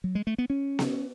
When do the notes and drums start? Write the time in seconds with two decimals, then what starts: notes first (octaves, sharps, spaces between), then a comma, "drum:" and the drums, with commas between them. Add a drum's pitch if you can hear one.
0.04 F#3
0.15 G#3
0.27 A3
0.38 B3
0.50 C#4
0.79 drum: snare B3